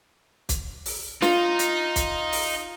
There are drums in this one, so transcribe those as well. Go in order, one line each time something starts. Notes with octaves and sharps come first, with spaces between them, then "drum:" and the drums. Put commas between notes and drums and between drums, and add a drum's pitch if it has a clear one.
drum: kick, hi-hat
drum: open hi-hat
D#4 F4, drum: snare
drum: hi-hat
drum: kick, hi-hat
drum: open hi-hat